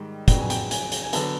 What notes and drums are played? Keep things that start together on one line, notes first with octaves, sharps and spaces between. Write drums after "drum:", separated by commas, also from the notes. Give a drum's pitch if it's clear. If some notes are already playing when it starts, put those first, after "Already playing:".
Already playing: G#2 D#3 G3
F2 C#3 F#3 B3 D4 G5, drum: kick, hi-hat
G#5
G5, drum: hi-hat
G#5, drum: hi-hat
drum: hi-hat
G#5
D3 F#3 B3 A5, drum: hi-hat